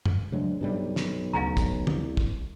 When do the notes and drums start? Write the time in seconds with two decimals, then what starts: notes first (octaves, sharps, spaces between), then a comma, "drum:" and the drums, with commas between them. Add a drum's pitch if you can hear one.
0.06 drum: tom
0.32 D2 C#3 F#3 G#3
0.61 B1 G2 C3 G3
0.96 drum: snare
1.33 D2 C#3 F5 G#5 A#5
1.57 drum: kick, hi-hat
1.87 C2, drum: tom
2.17 drum: kick